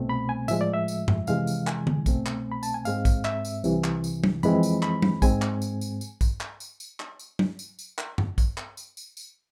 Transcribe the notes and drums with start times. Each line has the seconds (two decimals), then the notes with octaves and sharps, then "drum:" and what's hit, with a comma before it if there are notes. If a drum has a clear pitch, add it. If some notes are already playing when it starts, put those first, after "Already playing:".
Already playing: C2 B2 A3 C4
0.09 B5
0.29 G#5
0.48 A2 F3 G#3 E5, drum: tambourine
0.61 D5
0.74 E5
0.88 drum: tambourine
1.08 drum: tom F2
1.27 F2 C3 E3 G#3 F5, drum: tambourine
1.47 drum: tambourine
1.67 G#5, drum: clap
1.87 drum: tom D3
2.06 C2 B2 A3 C4, drum: kick, tambourine
2.26 drum: clap
2.51 B5
2.63 A5, drum: tambourine
2.74 G#5
2.85 G#2 G#3 C4 F5, drum: tambourine
3.05 drum: kick, tambourine
3.25 E5, drum: clap
3.45 drum: tambourine
3.64 C2 C3 E3, drum: tambourine
3.84 drum: clap
4.04 drum: tambourine
4.24 drum: tom F#3
4.43 F2 E3 G#3 C4 B5, drum: tambourine
4.63 drum: tambourine
4.82 B5, drum: clap
5.02 drum: tom F#3
5.22 G#2 G#3 C4 G#5, drum: kick, tambourine
5.42 drum: clap
5.62 drum: tambourine
5.81 drum: tambourine
6.01 drum: tambourine
6.21 drum: kick, tambourine
6.41 drum: clap
6.60 drum: tambourine
6.80 drum: tambourine
7.00 drum: clap
7.19 drum: tambourine
7.39 drum: tom F#3
7.59 drum: tambourine
7.79 drum: tambourine
7.98 drum: clap
8.18 drum: tom F2
8.38 drum: kick, tambourine
8.58 drum: clap
8.77 drum: tambourine
8.97 drum: tambourine
9.17 drum: tambourine